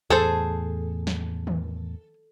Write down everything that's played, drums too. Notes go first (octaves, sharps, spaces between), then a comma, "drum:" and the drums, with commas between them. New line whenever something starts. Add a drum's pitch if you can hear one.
E2 A2 G#4 A4 C5
drum: snare
drum: tom D#3